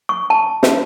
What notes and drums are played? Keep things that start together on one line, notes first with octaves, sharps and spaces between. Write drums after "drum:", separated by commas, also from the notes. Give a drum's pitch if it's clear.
C#6
A5
drum: snare